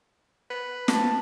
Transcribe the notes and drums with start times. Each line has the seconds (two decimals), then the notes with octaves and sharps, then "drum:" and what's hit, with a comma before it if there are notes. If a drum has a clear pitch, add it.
0.50 B4
0.88 A5, drum: snare